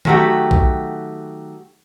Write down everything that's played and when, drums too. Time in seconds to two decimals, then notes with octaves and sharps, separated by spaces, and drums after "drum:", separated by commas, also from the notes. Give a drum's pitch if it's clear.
0.05 D#3 F#3 A3 F#4 G4, drum: tom
0.51 drum: kick A#1